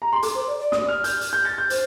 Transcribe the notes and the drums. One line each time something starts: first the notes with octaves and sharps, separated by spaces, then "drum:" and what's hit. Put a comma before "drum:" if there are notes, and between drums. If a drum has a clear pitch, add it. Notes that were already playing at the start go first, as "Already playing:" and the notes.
A#5
C6
A4 D6, drum: hi-hat
C5
D5
D5
D#6, drum: snare
F6
G6, drum: hi-hat
drum: hi-hat
G6
A6
G6
C5, drum: hi-hat